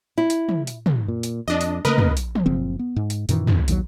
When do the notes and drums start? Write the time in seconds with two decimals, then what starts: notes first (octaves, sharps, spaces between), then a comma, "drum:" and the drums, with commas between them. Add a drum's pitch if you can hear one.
0.18 E4
0.30 drum: hi-hat
0.49 drum: tom
0.67 drum: hi-hat
0.86 drum: tom
1.08 A#2
1.23 drum: hi-hat
1.48 F2 D4 D#5
1.61 drum: hi-hat
1.85 C#3 A3 A#3 A#4 B4 D#5
1.98 drum: tom
2.17 drum: hi-hat
2.35 drum: tom
2.46 F#1 F3 C4
2.79 B3
2.96 G#2
3.10 drum: hi-hat
3.29 F#2 A#2 D#3 E3, drum: hi-hat
3.47 drum: tom
3.68 A#1 D#2 D3 F#3, drum: hi-hat